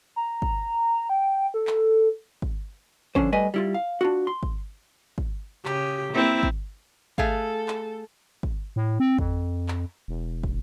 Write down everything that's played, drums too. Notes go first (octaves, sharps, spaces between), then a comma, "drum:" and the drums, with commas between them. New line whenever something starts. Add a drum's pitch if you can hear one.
A#5
drum: kick
G5
A4
drum: clap
drum: kick
D3 F3 C#4 C5, drum: kick
G3 A3 B4 D#5 G#5
G3 E4 F4
F5
D4 F4 F#4
C6
drum: kick
drum: kick
C#3 G4, drum: clap
A#3 C4 E4
drum: kick
A3 G#4 A4 F5, drum: kick
drum: clap
drum: kick
A2
C4
F2, drum: kick
drum: clap
E1
drum: kick